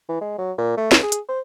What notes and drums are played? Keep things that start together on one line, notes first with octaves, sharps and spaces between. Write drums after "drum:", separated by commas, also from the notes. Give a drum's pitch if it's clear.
E3
G#3
F#3
A#2
A3
C#2, drum: snare
G#4
drum: hi-hat
C5